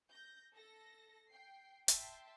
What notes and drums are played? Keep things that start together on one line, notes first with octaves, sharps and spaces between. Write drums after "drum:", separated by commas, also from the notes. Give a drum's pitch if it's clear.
G6 A#6
A4 A#6
G5 C7
E5 G5 A5 C6, drum: hi-hat